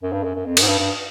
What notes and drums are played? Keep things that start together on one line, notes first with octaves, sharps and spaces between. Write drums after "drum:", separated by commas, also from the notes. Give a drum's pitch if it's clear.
F#2
G2
F#2
F#2
F2
F#2, drum: cymbal
G#2
G2
G2